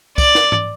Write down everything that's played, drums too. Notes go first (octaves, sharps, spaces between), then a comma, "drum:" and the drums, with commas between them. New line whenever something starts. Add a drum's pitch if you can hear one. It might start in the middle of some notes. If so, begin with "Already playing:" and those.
D5, drum: kick, tambourine
drum: snare
drum: tom G#2